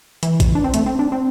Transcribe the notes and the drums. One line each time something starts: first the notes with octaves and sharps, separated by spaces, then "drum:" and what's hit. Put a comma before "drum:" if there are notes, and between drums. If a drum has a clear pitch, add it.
E3, drum: hi-hat
drum: kick A1, hi-hat
D4
C4
A3, drum: hi-hat
C4
D4
C4